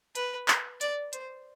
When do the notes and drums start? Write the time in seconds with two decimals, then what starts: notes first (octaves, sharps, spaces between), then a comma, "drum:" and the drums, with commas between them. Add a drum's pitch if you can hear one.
0.15 B4, drum: hi-hat
0.48 drum: clap
0.81 D5, drum: hi-hat
1.13 C5, drum: hi-hat